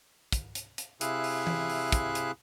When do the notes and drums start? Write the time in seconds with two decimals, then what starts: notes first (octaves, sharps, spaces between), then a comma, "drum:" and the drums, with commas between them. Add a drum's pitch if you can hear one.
0.32 drum: kick, hi-hat
0.55 drum: hi-hat
0.78 drum: hi-hat
1.01 C3 E4 G#4 E5 F5 F#6, drum: hi-hat
1.24 drum: open hi-hat
1.47 drum: tom E3
1.70 drum: open hi-hat
1.92 drum: kick, hi-hat
2.15 drum: hi-hat